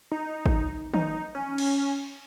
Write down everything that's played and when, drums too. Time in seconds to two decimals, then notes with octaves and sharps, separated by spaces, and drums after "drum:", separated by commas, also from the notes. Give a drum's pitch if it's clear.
0.11 D#4
0.46 drum: kick
0.94 D#4, drum: tom D#3
1.35 C#4
1.58 drum: cymbal